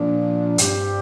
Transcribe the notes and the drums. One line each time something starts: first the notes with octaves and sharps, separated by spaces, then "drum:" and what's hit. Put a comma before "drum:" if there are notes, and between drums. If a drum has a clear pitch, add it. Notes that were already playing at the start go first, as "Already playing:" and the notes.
Already playing: A#2 F3 D4
G2 G3 C4 G4, drum: hi-hat